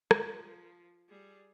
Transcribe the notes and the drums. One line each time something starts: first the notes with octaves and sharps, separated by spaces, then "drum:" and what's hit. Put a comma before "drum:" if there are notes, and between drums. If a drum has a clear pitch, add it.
F3, drum: rim click
G3 G#4